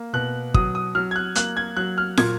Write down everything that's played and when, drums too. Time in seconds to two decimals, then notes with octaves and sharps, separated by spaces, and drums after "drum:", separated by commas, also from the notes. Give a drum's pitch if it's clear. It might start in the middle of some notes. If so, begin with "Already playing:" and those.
Already playing: A#3
0.13 B2 F#6
0.54 F#3 D#6, drum: kick
0.75 D#6
0.95 F#3 F6
1.11 G#6
1.16 F#6
1.35 A#3 F#6, drum: hi-hat
1.57 G#6
1.77 F#3 F#6
1.98 F6
2.17 A#2 G#6, drum: snare